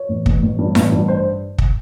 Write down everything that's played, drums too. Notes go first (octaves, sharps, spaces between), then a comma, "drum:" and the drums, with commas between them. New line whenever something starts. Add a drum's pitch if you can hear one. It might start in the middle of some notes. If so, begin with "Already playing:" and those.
Already playing: C#5
A1
A1, drum: kick
A1
G2
A1, drum: snare E4
G2
C5
drum: kick